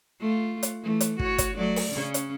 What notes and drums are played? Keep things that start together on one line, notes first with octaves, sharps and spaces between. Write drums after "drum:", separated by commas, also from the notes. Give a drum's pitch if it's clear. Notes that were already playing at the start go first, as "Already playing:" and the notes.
A3 F4
drum: hi-hat
E3 A3
drum: hi-hat
F#4 C#5, drum: kick
drum: kick, hi-hat
F#3 A3 D5
drum: open hi-hat
C#3 C#4
drum: hi-hat